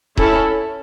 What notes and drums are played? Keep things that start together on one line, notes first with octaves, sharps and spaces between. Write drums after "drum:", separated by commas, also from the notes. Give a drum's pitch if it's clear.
C#4 E4 A4, drum: kick D#1